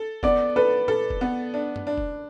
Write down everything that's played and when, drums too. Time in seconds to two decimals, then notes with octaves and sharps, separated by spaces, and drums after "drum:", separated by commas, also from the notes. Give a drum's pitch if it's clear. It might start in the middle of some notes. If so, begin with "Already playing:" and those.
Already playing: A4
0.23 B3 D5, drum: kick F1
0.56 A4 B4
0.88 A4, drum: tom A#2
1.10 drum: kick F1
1.21 B3
1.54 D4
1.76 drum: tom
1.87 D4
1.98 drum: kick F1